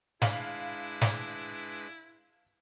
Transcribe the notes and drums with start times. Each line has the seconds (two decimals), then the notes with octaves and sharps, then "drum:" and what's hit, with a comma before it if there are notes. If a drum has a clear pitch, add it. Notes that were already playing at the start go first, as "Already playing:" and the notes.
0.22 G#3 D4 E4 B4 F5 F#7, drum: snare
1.01 drum: snare